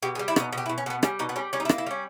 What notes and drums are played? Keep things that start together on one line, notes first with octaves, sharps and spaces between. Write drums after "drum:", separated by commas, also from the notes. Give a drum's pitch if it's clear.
B2 G4
G#4
G3
E4
B2 D#4, drum: rim click
B2
G4
E4
B2
C#4
B2 B3
G3 C#4, drum: rim click
B2 D#4
B3
G3 C#4
G3 C#4
D#4
E4
A#3, drum: rim click
E4
G3 C#4